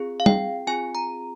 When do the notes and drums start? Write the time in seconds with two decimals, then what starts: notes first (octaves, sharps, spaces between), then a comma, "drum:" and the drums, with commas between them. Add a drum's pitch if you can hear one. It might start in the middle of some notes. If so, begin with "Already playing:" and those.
Already playing: C4 F4 G#4
0.20 F5
0.26 G5, drum: tom G3
0.67 C4 F4 G#4 G#5
0.95 A#5